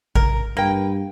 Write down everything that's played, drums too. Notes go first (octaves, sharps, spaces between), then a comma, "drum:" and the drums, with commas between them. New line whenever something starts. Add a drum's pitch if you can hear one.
A#4, drum: kick A1
G2 A#3 B4 G5